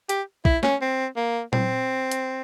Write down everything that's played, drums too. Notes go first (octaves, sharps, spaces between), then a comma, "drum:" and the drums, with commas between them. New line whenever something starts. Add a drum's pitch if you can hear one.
G4, drum: hi-hat
E4, drum: kick
C#4, drum: snare
C4
A#3
C4, drum: tom A#2
drum: hi-hat